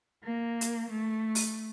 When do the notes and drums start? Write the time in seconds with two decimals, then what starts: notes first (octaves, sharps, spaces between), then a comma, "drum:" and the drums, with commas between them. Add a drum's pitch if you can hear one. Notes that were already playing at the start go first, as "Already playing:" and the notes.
0.24 A#3
0.61 drum: hi-hat
0.90 A3
1.35 drum: open hi-hat